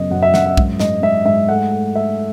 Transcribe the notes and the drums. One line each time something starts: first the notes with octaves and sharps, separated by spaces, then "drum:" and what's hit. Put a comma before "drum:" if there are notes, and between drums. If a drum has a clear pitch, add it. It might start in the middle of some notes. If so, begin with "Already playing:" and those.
Already playing: F#2 C#3 B3 D#5
F#2 F#5
E5
F#2 F#5, drum: snare
E5
G#2, drum: kick B1
G#2 D#5, drum: snare
G#2 E5
G#2 E5
A3 F#5
A3
A3 E5